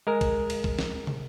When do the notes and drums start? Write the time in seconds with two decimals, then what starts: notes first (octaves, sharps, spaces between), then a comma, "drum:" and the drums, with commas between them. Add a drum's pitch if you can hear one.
0.07 G#3 A#4
0.21 drum: kick B1, cymbal
0.50 drum: cymbal
0.64 drum: kick B1
0.79 drum: snare
1.07 drum: tom